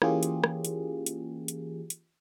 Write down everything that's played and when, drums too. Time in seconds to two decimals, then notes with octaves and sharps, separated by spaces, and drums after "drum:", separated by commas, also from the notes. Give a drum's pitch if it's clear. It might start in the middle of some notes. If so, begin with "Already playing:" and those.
0.02 E3 A#3 C#4 F4 G4 G#4, drum: rim click
0.23 drum: hi-hat
0.44 drum: rim click
0.65 drum: hi-hat
1.06 drum: hi-hat
1.48 drum: hi-hat
1.90 drum: hi-hat